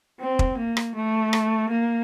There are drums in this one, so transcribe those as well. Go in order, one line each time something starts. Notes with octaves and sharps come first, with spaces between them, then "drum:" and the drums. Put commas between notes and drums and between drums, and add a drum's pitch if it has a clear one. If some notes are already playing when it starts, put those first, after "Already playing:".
C4
drum: kick
A#3
drum: rim click
A3
drum: rim click
A#3